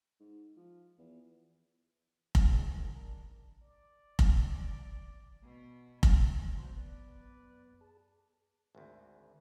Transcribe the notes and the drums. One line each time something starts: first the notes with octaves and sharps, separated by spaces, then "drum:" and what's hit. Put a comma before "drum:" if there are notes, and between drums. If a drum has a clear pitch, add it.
G#2
F3
E2
drum: kick F1
B2 E3 C#4 D4 F#4 G#4
G#2 D#3
D4 A#4 A#5
D5
drum: kick F1
B2 B3
drum: kick F1
F#2 B3 D4 F#4 C5
B4 D5
G#4 A5
G#1 D2